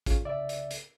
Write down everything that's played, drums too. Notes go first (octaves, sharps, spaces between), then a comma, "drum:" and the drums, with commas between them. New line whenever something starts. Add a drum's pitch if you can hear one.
C#4 F4 G#4, drum: kick, hi-hat
C2 C#3 D5 E5
drum: hi-hat
drum: hi-hat